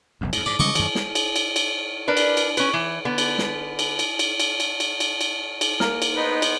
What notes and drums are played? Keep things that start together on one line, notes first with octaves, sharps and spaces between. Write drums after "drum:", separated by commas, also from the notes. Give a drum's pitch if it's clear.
F1 B1 F2
E2 G#2, drum: cymbal
G#2 D5
C#3 G3 G#3 D#5 C#6 D6
F#2 D#3, drum: cymbal
drum: snare
drum: cymbal
drum: cymbal
drum: cymbal
D4 A#4 B4
drum: cymbal
drum: cymbal
C#4 B4, drum: cymbal
E3
D3 B3
drum: cymbal
drum: snare
drum: cymbal
drum: cymbal
drum: cymbal
drum: cymbal
drum: cymbal
drum: cymbal
drum: cymbal
drum: cymbal
drum: cymbal
A#3 A#5 F6, drum: snare
drum: cymbal
B3 D#4 B4 C5 D#5
drum: cymbal